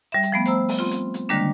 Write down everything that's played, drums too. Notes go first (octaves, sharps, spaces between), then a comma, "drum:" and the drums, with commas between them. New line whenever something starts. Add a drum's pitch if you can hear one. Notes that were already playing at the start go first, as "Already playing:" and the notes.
G3 E5
drum: hi-hat
F3 A3 B3
C5 A#5 E6, drum: hi-hat
drum: open hi-hat
C4 F4
drum: hi-hat
drum: hi-hat
D3 D#3 G3 G#3 A#3 D4